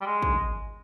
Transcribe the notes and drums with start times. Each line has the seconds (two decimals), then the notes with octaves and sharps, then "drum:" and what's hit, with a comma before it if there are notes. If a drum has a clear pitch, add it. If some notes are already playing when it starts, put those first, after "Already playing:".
0.01 G3
0.06 G#3
0.22 drum: kick